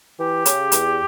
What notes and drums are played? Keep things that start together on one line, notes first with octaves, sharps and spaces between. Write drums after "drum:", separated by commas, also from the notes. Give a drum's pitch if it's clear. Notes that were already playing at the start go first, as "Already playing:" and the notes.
E3 G4
C#3, drum: hi-hat
E2, drum: hi-hat